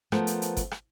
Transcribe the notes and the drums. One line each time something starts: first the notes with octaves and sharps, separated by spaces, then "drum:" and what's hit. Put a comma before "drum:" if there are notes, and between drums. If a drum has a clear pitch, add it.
F3 A3 B3 A#4 C5, drum: rim click
drum: hi-hat
drum: hi-hat
drum: kick G1, hi-hat
drum: rim click